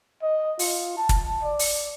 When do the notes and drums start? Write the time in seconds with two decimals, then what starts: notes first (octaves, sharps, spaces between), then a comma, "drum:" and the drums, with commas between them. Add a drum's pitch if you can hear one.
0.23 D#5
0.59 F4, drum: open hi-hat
0.97 A5
1.09 drum: kick, hi-hat
1.43 D5
1.59 drum: open hi-hat